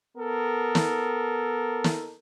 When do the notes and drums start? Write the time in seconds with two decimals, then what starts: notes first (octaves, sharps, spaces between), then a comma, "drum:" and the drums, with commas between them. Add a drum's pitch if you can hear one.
0.17 B3 A4 A#4
0.75 drum: snare
1.84 drum: snare